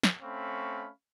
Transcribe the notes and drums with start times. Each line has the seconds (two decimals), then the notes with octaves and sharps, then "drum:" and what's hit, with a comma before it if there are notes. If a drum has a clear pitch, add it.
0.03 drum: snare
0.22 A3 C4 C#4 F5 B5 C#6